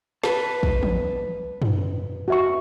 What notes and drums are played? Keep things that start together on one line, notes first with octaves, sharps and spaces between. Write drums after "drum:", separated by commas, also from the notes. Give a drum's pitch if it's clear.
B4 A5, drum: snare
drum: kick
drum: tom E3
drum: tom
F#4 E5 C#6